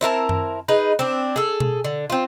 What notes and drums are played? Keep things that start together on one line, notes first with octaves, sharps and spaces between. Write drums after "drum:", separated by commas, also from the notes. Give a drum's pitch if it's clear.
C4 E4 A#4 A5
drum: tom F#2
D#4 G#4 B4
C4 D4
G#4 A4
drum: tom B2
D3
C4 F4